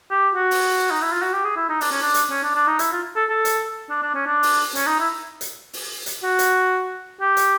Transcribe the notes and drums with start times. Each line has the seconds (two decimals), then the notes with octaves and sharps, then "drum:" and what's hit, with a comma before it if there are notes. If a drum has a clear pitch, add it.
0.11 G4
0.34 F#4
0.51 drum: open hi-hat
0.91 D#4
1.01 E4
1.12 F4
1.22 F#4
1.33 G4
1.44 G#4
1.56 E4
1.69 D#4
1.81 D4, drum: open hi-hat
1.91 C#4
2.02 D4
2.14 drum: hi-hat
2.30 C#4
2.43 D4
2.56 D4
2.67 D#4
2.79 E4, drum: hi-hat
2.92 F4
3.16 A4
3.29 A4
3.45 drum: hi-hat
3.90 D4
4.02 D4
4.15 C#4
4.26 D4
4.43 drum: open hi-hat
4.75 C#4, drum: hi-hat
4.87 D#4
5.00 E4
5.41 drum: hi-hat
5.73 drum: open hi-hat
6.06 drum: hi-hat
6.23 F#4
6.39 drum: hi-hat
7.21 G4
7.37 drum: hi-hat